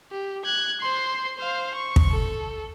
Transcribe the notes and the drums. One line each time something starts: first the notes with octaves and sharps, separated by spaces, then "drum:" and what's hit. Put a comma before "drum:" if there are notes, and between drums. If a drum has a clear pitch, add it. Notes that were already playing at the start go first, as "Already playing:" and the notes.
G4
F#6 G#6
C5 C6
C5 F5
C#6
drum: kick
A4